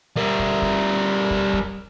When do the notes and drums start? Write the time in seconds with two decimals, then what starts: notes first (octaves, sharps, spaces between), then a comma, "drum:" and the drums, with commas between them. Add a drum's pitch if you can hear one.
0.16 G3 A#4
0.39 drum: kick
0.62 drum: kick
1.30 drum: kick
1.53 drum: kick